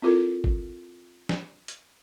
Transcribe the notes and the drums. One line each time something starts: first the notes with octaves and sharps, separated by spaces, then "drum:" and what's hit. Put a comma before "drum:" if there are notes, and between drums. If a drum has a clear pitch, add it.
C4 E4 F4 A4 A#4
drum: kick
drum: snare
drum: hi-hat